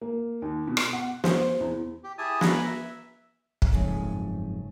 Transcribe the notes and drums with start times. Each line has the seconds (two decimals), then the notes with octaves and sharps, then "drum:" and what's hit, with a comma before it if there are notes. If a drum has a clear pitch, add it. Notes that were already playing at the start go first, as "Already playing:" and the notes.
0.01 A#3
0.42 D#2
0.67 B2
0.77 drum: rim click
0.93 F#5
1.24 C5, drum: snare
1.60 E2
2.04 G4
2.18 E4 G4 G#4 G#5 A5 D#6
2.41 G#5 A#5 B5 F#6, drum: snare
2.65 E5
3.62 drum: kick
3.73 F#1 F2 G#2 C#3 A3 G#5